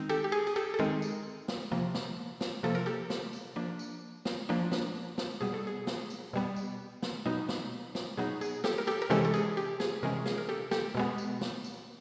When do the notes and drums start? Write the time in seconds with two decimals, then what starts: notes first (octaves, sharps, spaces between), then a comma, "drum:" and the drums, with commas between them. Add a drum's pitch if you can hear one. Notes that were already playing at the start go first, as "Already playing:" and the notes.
Already playing: D#3 G#3 C4 D#4
0.09 G4 A4
0.24 G4
0.32 G#4
0.47 G#4
0.56 G4 A4
0.74 A4
0.79 D#3 G#3 C4 D#4 G#4 A#4
1.02 drum: tambourine
1.48 drum: snare
1.72 C3 F3 A#3
1.94 drum: snare
2.41 drum: snare
2.63 C3 F3 A#3 A4
2.75 A#4
2.86 G4 A4
3.10 drum: snare
3.33 drum: tambourine
3.56 F3 A#3 D4
3.79 drum: tambourine
4.25 drum: snare
4.49 F3 A#3 D4
4.72 drum: snare
5.18 drum: snare
5.41 B2 G3 B3 G#4
5.54 A4
5.67 G#4
5.87 drum: snare
6.10 drum: tambourine
6.33 B2 G3 B3
6.56 drum: tambourine
7.03 drum: snare
7.26 B2 F#3 B3 D#4
7.49 drum: snare
7.95 drum: snare
8.17 B2 F#3 B3 D#4 G#4
8.41 G#4, drum: tambourine
8.64 G4 A4, drum: snare
8.78 A#4
8.87 G4 A4
9.02 A#4
9.10 C3 E3 G#3 C#4 G4 A4
9.25 A4
9.34 G#4, drum: tambourine
9.57 G4
9.80 G#4, drum: snare
10.03 C3 E3 G#3 C#4 G#4 A#4
10.26 G#4, drum: snare
10.38 A#4
10.49 G4 A4
10.71 G4 A4, drum: snare
10.95 B2 G#3 B3
11.18 drum: tambourine
11.41 drum: snare
11.64 drum: tambourine